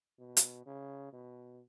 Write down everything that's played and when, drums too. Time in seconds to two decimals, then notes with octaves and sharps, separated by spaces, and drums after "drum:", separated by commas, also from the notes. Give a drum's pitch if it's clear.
0.19 B2
0.37 drum: hi-hat
0.66 C#3
1.13 B2